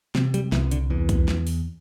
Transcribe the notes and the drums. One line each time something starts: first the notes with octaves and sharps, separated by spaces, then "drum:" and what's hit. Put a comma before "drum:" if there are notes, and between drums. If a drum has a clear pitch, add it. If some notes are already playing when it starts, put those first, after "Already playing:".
C3 C4, drum: snare
G3, drum: hi-hat
C2 E3, drum: snare
D3, drum: hi-hat
E2 E3
drum: kick, hi-hat
drum: snare
drum: open hi-hat